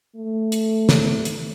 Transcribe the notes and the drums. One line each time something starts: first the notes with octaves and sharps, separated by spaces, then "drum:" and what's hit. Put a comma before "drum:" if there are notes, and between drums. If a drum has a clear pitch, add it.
A3
drum: hi-hat
drum: snare
drum: hi-hat